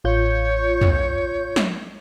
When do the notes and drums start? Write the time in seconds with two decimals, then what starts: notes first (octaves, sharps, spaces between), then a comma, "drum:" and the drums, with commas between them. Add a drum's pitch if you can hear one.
0.04 A1 F4 C#5 G6
0.81 drum: tom
1.56 drum: snare